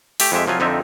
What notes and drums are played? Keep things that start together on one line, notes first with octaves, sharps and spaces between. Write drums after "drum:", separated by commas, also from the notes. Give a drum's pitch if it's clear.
A3 G4, drum: open hi-hat
F2 G#3 G4 E5
C2 F3 F#3 F4 G#5
F2 D3 C4 D#4 F4 E5